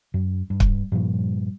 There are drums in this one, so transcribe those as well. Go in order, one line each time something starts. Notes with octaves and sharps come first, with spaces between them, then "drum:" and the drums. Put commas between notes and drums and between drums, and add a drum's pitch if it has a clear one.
F#2
G2
drum: kick
G2 A#2 F3 G3